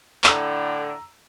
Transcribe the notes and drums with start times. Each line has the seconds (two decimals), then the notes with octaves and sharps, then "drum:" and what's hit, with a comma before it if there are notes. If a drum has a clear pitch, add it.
0.24 A2 D3 A#5 E6, drum: clap